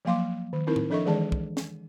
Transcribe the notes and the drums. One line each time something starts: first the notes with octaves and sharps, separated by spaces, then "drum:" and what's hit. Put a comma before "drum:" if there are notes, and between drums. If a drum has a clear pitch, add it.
F3 F#3 A#3 F5 C6 D6
D#3
C4 D#4 E4 A#4
drum: tom A2
F3 D4 A4 D#5 E5 C#6
D#3 E3 G#3 G#4 D5 A5
drum: kick
drum: snare